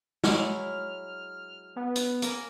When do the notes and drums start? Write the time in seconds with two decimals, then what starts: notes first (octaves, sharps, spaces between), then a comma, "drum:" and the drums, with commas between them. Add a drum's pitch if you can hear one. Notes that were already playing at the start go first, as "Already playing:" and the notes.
0.24 F#3 G#3 E4 F6, drum: snare
1.76 B3
1.96 drum: hi-hat
2.22 A#3 A#4 G#5, drum: hi-hat